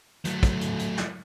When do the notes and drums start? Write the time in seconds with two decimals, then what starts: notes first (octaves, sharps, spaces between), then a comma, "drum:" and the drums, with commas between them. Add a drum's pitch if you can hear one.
0.25 F#3 A3, drum: hi-hat
0.43 drum: kick, hi-hat
0.61 drum: hi-hat
0.79 drum: hi-hat
0.97 drum: snare